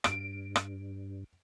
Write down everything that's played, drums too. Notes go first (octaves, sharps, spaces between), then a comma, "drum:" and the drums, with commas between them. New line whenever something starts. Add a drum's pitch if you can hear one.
G2 D7, drum: rim click
drum: rim click